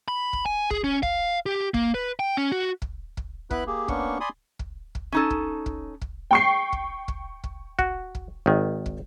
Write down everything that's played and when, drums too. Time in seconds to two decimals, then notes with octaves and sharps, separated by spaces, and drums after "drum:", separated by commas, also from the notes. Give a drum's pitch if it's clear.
0.08 B5
0.33 drum: kick
0.46 G#5
0.71 G#4, drum: kick
0.84 C#4
1.03 F5, drum: kick
1.46 G4
1.74 A#3, drum: kick
1.94 B4
2.19 G5
2.37 C#4
2.52 F#4
2.82 drum: kick
3.17 drum: kick
3.51 B3 E4 B4 B5 F#6, drum: kick
3.67 A#3 G4 G#4
3.88 A#3 B3 C#4 D4 C#6, drum: kick
4.20 D5 G#5 B5 C6 D#6
4.59 drum: kick
4.95 drum: kick
5.12 C#4 D#4 A4
5.30 drum: kick
5.66 drum: kick
6.01 drum: kick
6.31 G5 C#6 C7
6.73 drum: kick
7.08 drum: kick
7.44 drum: kick
7.79 F#4, drum: kick
8.15 drum: kick
8.46 G#1 D#3
8.86 drum: kick